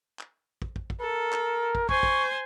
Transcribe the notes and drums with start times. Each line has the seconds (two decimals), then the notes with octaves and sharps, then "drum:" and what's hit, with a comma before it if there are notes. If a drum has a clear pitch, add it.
0.19 drum: clap
0.62 drum: kick
0.76 drum: kick
0.90 drum: kick
1.01 A4 A#4
1.32 drum: clap
1.75 drum: kick
1.89 C5 G#5 C#6, drum: kick
2.03 drum: kick